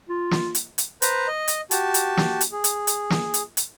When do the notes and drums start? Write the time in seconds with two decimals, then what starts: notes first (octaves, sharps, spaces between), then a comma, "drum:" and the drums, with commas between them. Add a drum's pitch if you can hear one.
0.09 F4
0.31 drum: snare
0.55 drum: hi-hat
0.78 drum: hi-hat
1.02 B4 C5 A#5, drum: hi-hat
1.28 D#5
1.48 drum: hi-hat
1.71 F#4 G4 A5, drum: hi-hat
1.94 drum: hi-hat
2.17 drum: snare
2.41 drum: hi-hat
2.52 G#4
2.64 drum: hi-hat
2.87 drum: hi-hat
3.10 drum: snare
3.34 drum: hi-hat
3.57 drum: hi-hat